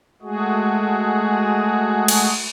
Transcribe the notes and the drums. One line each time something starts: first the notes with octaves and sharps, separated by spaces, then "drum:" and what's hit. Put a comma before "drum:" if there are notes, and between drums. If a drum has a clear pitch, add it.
G#3 A3 F#4 G#4
drum: cymbal